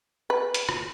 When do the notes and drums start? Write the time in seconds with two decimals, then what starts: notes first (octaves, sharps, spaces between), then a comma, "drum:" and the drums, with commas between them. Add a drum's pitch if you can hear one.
0.30 B4
0.54 drum: hi-hat
0.69 drum: rim click